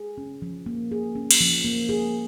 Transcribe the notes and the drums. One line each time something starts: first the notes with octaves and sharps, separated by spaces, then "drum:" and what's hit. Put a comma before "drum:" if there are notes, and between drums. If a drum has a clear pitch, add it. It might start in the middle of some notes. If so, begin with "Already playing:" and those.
Already playing: G#4
C#4
F3
A#3
G#4
C#4
drum: cymbal
F3
A#3
G#4